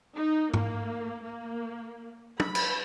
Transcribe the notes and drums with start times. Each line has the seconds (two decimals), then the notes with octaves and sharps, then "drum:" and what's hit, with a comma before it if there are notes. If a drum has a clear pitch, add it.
0.16 D#4
0.54 A#3, drum: tom G#2
1.24 A#3
2.40 B5, drum: tom
2.55 drum: cymbal